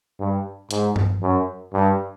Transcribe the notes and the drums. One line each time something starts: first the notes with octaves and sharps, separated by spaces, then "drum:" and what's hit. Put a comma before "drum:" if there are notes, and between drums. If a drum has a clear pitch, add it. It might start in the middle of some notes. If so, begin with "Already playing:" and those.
G2
G#2, drum: hi-hat
drum: tom G2
F#2
G2